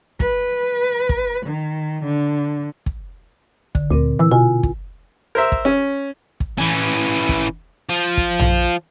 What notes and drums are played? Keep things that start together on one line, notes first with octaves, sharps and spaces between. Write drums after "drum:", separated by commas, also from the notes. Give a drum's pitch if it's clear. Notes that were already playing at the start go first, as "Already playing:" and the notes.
B4, drum: kick
drum: kick
D#3
D3
drum: kick
D3, drum: kick
D2 A#2 C4 A#4
E3 E4 E6
B2 F4 G#5
drum: kick
A#4 C5 E5
drum: kick
C#4
drum: kick
E3 C#4
drum: kick
F3
drum: kick
drum: tom A#1